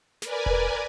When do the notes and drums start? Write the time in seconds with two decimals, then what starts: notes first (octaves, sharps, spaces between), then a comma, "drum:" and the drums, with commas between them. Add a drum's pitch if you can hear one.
0.22 A#4 B4 D5 G#5, drum: snare
0.46 drum: kick E1